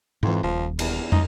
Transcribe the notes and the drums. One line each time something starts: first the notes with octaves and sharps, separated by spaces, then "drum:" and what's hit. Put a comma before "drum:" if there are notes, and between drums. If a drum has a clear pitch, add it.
F2 G#2 E3
D#1 F3
E2, drum: cymbal
D#4, drum: tom